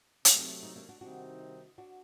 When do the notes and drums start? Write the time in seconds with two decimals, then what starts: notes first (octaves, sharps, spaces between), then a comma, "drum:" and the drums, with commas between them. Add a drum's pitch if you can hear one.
0.25 C3 F#3 A3 A#3 D4, drum: hi-hat
0.38 C4 D#4
0.63 C4 D#4
0.76 A#3 D4
0.89 D4 F#4
1.01 C3 D#3 G3 C4 D4 D#4 F#4
1.78 D4 F#4